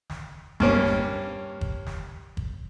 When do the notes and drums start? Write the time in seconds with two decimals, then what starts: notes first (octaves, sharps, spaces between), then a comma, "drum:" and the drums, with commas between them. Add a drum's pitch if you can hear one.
0.10 drum: snare
0.60 G2 A#3 C#4, drum: kick
0.85 drum: snare
1.61 drum: kick
1.87 drum: snare
2.37 drum: kick